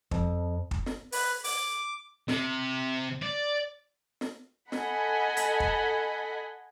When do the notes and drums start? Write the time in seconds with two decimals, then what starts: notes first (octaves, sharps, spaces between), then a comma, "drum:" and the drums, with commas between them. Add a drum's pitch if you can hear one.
0.11 F2, drum: kick
0.71 drum: kick
0.86 drum: snare
1.12 B4, drum: open hi-hat
1.44 D6, drum: open hi-hat
2.28 C3, drum: snare
3.23 D5
4.21 drum: snare
4.72 A4 D#5 F#5 G#5 B5, drum: snare
5.37 drum: hi-hat
5.60 drum: kick